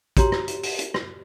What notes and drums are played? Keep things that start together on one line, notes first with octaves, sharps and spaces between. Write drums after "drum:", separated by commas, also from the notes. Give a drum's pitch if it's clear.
F#4 G4 C#5 A#5 C6, drum: kick, hi-hat
drum: rim click
drum: hi-hat
drum: open hi-hat
drum: hi-hat
drum: rim click